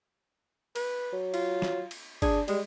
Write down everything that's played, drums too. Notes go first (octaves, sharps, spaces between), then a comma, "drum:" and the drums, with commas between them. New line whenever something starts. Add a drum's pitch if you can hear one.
B4, drum: cymbal
F#3
F4, drum: cymbal
drum: snare
drum: cymbal
D4 G#4, drum: kick G1, cymbal
G3 G#3, drum: cymbal